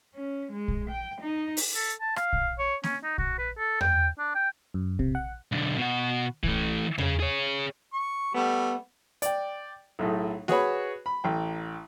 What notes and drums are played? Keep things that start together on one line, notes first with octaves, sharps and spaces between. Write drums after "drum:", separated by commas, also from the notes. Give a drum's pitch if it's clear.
C#4
G#3
drum: kick A#1
G5
D#4
drum: open hi-hat
A4
A5
F5, drum: rim click
drum: kick A#1
C#5
C#4, drum: snare A#3
D#4
F#4, drum: kick A#1
B4
A4
G5, drum: tom E2
D4
G5
F#2
C3, drum: kick A#1
F#5
B1 D3
B2 F#4
E3 A3, drum: kick A#1
C#3 G#4, drum: tom E2
G#4 C#5
C#6
G3 A3 B3
D5 G5, drum: hi-hat
B1 A2 A3 G#4
F#4 G#4 B4 C#5 B5, drum: snare A#3
B5
A1 G5